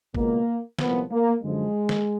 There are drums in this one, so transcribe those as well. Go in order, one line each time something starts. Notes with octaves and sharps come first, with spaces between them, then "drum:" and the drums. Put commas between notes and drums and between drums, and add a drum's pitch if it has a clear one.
C#2 B2 A#3, drum: kick
C2 A#2 F3 B3, drum: snare
A#3
F#2 D3 F3 G#3
drum: snare